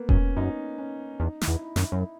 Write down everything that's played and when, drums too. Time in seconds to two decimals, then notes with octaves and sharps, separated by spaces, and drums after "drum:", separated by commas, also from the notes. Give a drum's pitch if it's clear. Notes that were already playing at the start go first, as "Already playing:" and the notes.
Already playing: A#3 B3
0.09 F#2 C#4, drum: kick E1
0.37 F#2 D#4
0.78 C#4
1.19 E2 D#4
1.41 E4, drum: snare
1.48 E2
1.61 E4
1.76 F#2, drum: snare
1.83 E4
1.92 F#2